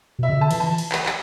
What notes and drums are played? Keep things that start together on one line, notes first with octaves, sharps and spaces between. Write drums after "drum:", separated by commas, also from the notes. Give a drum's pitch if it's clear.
B2 E5
C#3
D3 A5
E3, drum: cymbal
A5
drum: cymbal
drum: clap
drum: clap